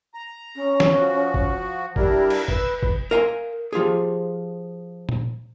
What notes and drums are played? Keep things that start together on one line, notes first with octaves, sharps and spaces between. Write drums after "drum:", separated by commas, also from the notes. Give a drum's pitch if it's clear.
A#5
C#4
drum: snare
F3 F#4
drum: kick F#1
G3 D4 E4 A#4, drum: kick F#1
drum: cymbal
B4 E6, drum: kick F#1
drum: kick F#1
A#4 E5 F5 G#5 A#5 C6
F3 F4 G4 G#4
drum: tom A#2